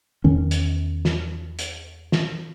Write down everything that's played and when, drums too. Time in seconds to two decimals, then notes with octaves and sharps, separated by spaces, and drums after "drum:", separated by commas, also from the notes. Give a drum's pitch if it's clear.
0.24 E2 D#3 C#4
0.51 drum: hi-hat
1.05 drum: snare
1.59 drum: hi-hat
2.12 drum: snare